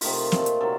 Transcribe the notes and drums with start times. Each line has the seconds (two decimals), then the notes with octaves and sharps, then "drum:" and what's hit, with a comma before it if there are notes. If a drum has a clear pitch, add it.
0.01 C3 D#3 A3 F4, drum: open hi-hat
0.32 A#2 A3, drum: snare
0.46 drum: hi-hat
0.61 C3 D#3 F#3 A4